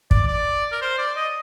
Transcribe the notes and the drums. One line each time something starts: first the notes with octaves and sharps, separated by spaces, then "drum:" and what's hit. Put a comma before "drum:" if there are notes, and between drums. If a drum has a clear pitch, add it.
D5, drum: kick
D5
A#4
C5
D5
D#5